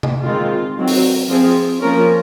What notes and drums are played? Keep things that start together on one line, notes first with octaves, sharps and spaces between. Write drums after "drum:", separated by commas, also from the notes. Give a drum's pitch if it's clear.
drum: tom C3
D#3 G#3 C4 F4
D#3 F#3 C4
drum: open hi-hat
F3 C4 G#4
F3 A#3 C#4 A#4